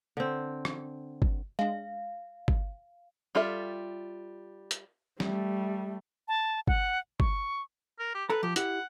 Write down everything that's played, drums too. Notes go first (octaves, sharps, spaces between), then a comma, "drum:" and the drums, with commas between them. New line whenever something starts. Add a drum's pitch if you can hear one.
D3 C4
drum: rim click
drum: kick G1
G#3 D4 F5
drum: kick G1
G3 F4 A4 E5
drum: hi-hat
G3 A3, drum: snare
A5
F#5, drum: kick G1
C#6, drum: kick G1
A#4
G4
A4 B4 A#5
F3 G4
E4 G4 F#5, drum: hi-hat